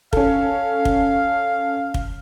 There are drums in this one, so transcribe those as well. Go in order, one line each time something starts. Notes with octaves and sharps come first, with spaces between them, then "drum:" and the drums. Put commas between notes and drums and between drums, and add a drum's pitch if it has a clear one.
C#4 A4 F5, drum: kick
drum: kick
drum: kick